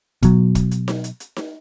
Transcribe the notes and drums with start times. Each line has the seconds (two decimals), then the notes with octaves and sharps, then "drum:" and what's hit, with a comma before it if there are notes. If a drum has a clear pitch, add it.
0.23 B2 F#3, drum: kick, hi-hat
0.55 drum: kick, hi-hat
0.71 drum: hi-hat
0.88 drum: snare D#4
1.04 drum: hi-hat
1.20 drum: hi-hat
1.36 drum: snare D#4